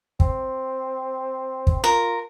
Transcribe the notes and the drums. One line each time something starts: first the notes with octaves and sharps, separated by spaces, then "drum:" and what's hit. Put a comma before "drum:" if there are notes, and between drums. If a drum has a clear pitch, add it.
C4, drum: kick
drum: kick
F4 A#4